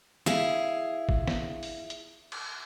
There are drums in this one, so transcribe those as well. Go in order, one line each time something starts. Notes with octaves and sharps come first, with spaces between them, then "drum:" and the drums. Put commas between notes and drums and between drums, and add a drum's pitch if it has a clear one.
E4 G#4 F5, drum: snare
drum: kick
drum: snare
drum: open hi-hat
drum: hi-hat
drum: cymbal